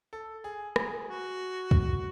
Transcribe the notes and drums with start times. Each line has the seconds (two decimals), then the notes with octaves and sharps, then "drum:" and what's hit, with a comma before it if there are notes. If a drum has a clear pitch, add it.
0.13 A4
0.44 G#4
0.76 G#4, drum: rim click
1.08 F#4
1.71 drum: kick